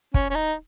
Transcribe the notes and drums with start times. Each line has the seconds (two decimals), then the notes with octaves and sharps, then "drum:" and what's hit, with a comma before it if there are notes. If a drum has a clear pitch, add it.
0.14 C#4, drum: kick
0.30 C#4
0.35 D#4